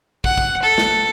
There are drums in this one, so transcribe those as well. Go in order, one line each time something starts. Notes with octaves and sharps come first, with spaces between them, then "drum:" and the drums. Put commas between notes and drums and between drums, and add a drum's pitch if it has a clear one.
F#5, drum: kick
drum: kick
A4
drum: snare